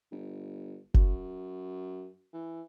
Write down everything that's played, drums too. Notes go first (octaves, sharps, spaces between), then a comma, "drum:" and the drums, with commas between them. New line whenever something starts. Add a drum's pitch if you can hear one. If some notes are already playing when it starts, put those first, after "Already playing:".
G1
F#2, drum: kick F#1
E3